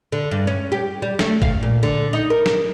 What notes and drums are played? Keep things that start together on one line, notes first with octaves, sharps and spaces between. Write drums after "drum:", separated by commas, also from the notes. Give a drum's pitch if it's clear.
D3
G2
C#4
G4
G3
A3, drum: snare
F5, drum: kick G#1
A#2
D3
D#4
A#4
drum: snare